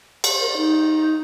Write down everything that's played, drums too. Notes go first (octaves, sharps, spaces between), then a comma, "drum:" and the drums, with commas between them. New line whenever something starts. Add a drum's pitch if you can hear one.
D5, drum: cymbal
C5
A#4
D5
D#4